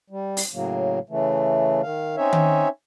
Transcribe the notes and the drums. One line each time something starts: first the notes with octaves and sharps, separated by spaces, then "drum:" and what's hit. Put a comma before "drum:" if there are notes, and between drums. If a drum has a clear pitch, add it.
G3
drum: open hi-hat
A2 C#3 F#3 A#3
C#3 E3 A3
D#3 F5
C4 C#4 D#4 C#5 E5
drum: tom D#3